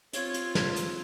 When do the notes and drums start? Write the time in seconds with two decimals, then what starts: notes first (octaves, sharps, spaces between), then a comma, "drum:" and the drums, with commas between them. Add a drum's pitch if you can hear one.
0.13 C4 F4 C#5, drum: hi-hat
0.34 drum: hi-hat
0.55 drum: snare
0.76 drum: hi-hat